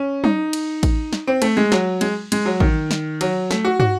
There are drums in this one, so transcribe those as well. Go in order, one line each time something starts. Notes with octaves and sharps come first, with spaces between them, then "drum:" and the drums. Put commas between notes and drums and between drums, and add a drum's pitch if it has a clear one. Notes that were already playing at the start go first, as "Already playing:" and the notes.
Already playing: C#4
D#4, drum: tom F#3
drum: cymbal
drum: kick A1, cymbal
drum: snare
C4
A3, drum: cymbal
G#3
F#3, drum: snare
G#3, drum: cymbal
G#3, drum: cymbal
F#3
D#3, drum: kick A1
drum: snare
F#3, drum: cymbal
A3, drum: snare
F#4
F#4, drum: tom